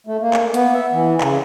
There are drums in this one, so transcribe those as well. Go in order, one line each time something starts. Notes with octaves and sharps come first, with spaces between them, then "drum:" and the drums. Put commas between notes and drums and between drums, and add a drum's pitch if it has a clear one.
A3
A#3
drum: clap
B3, drum: hi-hat
E5
E3
C#3, drum: clap